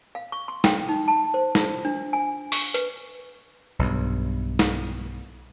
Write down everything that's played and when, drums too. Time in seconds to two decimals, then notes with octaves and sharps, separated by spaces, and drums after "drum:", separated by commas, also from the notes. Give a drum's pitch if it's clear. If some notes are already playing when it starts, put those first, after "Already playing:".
0.15 F5
0.32 C#6
0.48 C6
0.64 G5, drum: snare
0.89 D#4
1.08 A5
1.34 C5
1.55 F4, drum: snare
1.85 D4
2.13 G#5
2.52 C#6, drum: open hi-hat
2.74 B4, drum: hi-hat
3.79 B1 G2
4.59 drum: snare